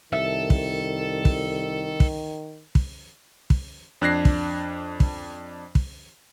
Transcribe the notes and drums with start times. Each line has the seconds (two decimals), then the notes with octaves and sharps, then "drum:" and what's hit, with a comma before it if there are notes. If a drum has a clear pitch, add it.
0.13 C2 D#3 A4 E5
0.50 drum: kick
1.25 drum: kick
2.00 drum: kick
2.75 drum: kick
3.50 drum: kick
4.01 F2 D4 F#6 G#6 A#6 C7
4.25 drum: kick
5.00 drum: kick
5.75 drum: kick